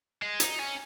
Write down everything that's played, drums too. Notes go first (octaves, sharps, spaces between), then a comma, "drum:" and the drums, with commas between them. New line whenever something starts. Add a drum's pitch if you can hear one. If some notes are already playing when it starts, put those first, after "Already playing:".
G#3
D#4, drum: hi-hat
C#4